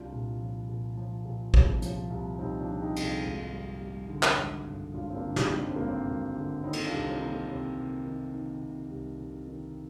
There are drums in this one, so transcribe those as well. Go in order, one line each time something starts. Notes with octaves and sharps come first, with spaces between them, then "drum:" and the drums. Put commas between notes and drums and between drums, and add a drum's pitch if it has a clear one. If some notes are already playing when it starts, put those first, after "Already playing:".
Already playing: C2 D4 F4
A#2
F3
A#2
F3
A#2
C2, drum: kick
F3, drum: hi-hat
C2
C2 C4 D#4
D4 F4
F3
D#4 G4
C2, drum: cymbal
F4 G#4
G#1
G3
G3
D3
drum: clap
G#1
G2
G#1 D4 F4
C4
A#3 D4
D3
C4 D#4, drum: snare
D3
D4
C4
G#1 A#3
C4
G#1
D3
D#3 C4 D#4
drum: cymbal
D4 F4
C2
C4 D#4
D#3 D#4
A#3 D4
C2 C4
C3
D#3
D#3
C3
C2
C3
D#3